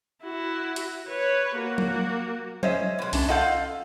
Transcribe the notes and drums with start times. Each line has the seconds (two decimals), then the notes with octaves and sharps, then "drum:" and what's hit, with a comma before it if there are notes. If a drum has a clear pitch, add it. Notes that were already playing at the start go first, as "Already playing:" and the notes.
0.23 E4 F#4
0.76 drum: hi-hat
1.08 B4 C#5
1.55 A#3 F#4
1.78 drum: tom F#3
2.63 C#4 C5 D#5 E5, drum: tom F#3
2.99 B2 G#3
3.13 C2 A3 C#4 D4 A5, drum: open hi-hat
3.29 F4 A4 D#5 F5 F#5 G6